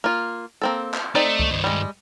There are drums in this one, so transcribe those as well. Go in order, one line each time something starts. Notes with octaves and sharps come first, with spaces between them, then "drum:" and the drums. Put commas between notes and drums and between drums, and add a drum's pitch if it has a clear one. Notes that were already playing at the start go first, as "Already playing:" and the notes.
A#3 F4
A#3 C4 A4
drum: clap
A3 C4 D#4 D5
drum: kick C2
G2 D#3
G3 G#3